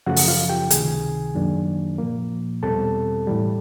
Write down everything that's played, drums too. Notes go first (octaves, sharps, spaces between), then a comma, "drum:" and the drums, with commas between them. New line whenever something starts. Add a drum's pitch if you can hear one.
F#2 C#3 F3 A3 C#4 F#4 F#5
drum: open hi-hat
F4 F5
G4 G5
C#2 C3 D#3 G#4 G#5, drum: hi-hat
F#2 D#3 F#3 A#3 D4
A#2 F3 A#3
E2 B2 G3 C4 A4 A5
A2 E3 G3